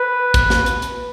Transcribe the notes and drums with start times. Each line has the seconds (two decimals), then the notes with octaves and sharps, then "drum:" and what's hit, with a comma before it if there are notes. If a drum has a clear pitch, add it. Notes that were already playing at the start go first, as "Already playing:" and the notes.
Already playing: B4
0.34 drum: kick, hi-hat
0.50 drum: snare
0.66 drum: hi-hat
0.82 drum: hi-hat